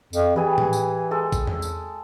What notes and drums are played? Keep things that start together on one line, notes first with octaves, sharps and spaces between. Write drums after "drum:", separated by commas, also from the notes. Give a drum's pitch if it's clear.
F2, drum: tambourine
E3 G3 G#4 G#5
drum: tom A2
drum: tambourine
G#3 A4
drum: kick, tambourine
drum: tom E2
drum: tambourine